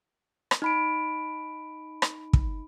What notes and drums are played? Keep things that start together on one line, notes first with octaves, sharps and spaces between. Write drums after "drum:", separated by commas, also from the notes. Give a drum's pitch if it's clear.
drum: rim click
D#4 B5 D7
drum: rim click
drum: kick